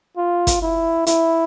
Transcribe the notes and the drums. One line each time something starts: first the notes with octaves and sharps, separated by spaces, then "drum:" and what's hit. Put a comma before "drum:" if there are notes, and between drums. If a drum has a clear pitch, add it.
F4
drum: kick, hi-hat
E4
E4, drum: hi-hat